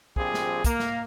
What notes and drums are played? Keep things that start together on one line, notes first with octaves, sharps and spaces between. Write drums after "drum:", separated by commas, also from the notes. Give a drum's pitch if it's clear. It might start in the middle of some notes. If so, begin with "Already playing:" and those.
A#1 F3 C4 G4 G#4, drum: kick
drum: snare
A#3, drum: kick, hi-hat
drum: snare